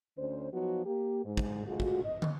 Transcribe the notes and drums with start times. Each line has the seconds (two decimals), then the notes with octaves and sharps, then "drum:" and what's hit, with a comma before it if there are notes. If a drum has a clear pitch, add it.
0.18 D2 D3 C#4 D4 C5
0.53 F3 F#3 B3 D#4 F4 F#4
0.86 A#3 G4
1.24 G#2
1.37 drum: kick
1.66 D2 G#3 F4 F#4
1.80 drum: kick
2.03 D#5
2.22 drum: tom